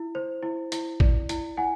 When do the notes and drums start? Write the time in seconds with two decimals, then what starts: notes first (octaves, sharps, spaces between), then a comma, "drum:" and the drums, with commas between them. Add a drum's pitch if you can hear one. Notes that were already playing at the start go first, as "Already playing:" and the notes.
Already playing: E4
0.15 C5
0.43 E4
0.72 E4, drum: hi-hat
1.00 D5, drum: kick
1.29 E4, drum: hi-hat
1.57 E4 F#5 G#5